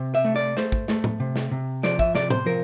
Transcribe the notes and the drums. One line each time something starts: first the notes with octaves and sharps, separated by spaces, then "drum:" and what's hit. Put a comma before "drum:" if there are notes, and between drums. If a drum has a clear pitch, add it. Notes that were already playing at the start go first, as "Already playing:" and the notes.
Already playing: C3 C4
E5
A3
D5
A3 C5, drum: snare
drum: kick
A3, drum: snare
drum: tom A2
C3
drum: snare
C3
F3 D5, drum: snare
E5, drum: kick
C3 D5, drum: snare
C5, drum: tom A2
F3 A#4